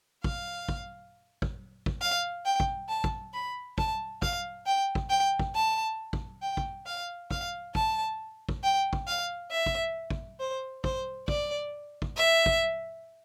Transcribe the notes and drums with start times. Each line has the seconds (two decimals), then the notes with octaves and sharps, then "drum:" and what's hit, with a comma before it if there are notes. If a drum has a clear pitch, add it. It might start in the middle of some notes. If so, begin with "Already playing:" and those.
0.24 F5, drum: kick
0.68 drum: kick
1.42 drum: kick
1.86 drum: kick
2.01 F5
2.46 G5
2.60 drum: kick
2.89 A5
3.04 drum: kick
3.33 B5
3.78 A5, drum: kick
4.22 F5, drum: kick
4.66 G5
4.95 drum: kick
5.10 G5
5.39 drum: kick
5.54 A5
6.13 drum: kick
6.42 G5
6.57 drum: kick
6.87 F5
7.31 F5, drum: kick
7.75 A5, drum: kick
8.49 drum: kick
8.63 G5
8.93 drum: kick
9.08 F5
9.51 E5
9.66 drum: kick
10.10 drum: kick
10.40 C5
10.84 C5, drum: kick
11.28 D5, drum: kick
12.02 drum: kick
12.16 E5
12.46 drum: kick